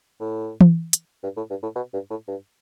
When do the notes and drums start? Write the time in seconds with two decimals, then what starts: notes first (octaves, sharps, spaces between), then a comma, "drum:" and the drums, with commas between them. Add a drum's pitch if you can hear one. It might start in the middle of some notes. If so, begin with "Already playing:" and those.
0.20 A2
0.61 drum: tom E3
0.93 drum: hi-hat
1.23 G2
1.37 A2
1.50 G2
1.63 A2
1.76 B2
1.93 G2
2.10 A2
2.27 G2